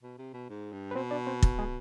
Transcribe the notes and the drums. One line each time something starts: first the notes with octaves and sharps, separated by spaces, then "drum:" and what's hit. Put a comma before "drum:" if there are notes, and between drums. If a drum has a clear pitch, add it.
B2
C3
B2
G#2
G2
B4
B2 C4 C5
D4 D5
C4 C5
drum: kick
G#3 G#4